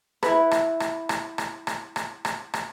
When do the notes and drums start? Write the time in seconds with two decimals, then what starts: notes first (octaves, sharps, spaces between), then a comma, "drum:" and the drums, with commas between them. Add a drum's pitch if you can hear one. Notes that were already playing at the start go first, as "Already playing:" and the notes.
0.23 E4 B4, drum: rim click
0.51 drum: rim click
0.80 drum: rim click
1.09 drum: rim click
1.38 drum: rim click
1.67 drum: rim click
1.96 drum: rim click
2.25 drum: rim click
2.54 drum: rim click